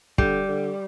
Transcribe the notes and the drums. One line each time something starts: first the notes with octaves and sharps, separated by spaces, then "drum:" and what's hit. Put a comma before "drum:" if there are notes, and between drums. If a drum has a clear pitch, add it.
D3 G3, drum: kick
D3